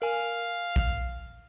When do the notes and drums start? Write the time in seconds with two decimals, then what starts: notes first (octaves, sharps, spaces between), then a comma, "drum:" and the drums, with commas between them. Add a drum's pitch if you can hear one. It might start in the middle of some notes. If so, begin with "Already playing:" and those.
0.02 A#4 F5 G#5
0.76 drum: kick A#1